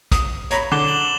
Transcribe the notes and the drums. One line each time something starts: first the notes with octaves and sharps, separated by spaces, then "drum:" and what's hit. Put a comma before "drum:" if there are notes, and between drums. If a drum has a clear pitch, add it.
D#6, drum: kick, hi-hat
C#5 A#5 B5, drum: hi-hat
D3 D6 E7 G7
E7 F#7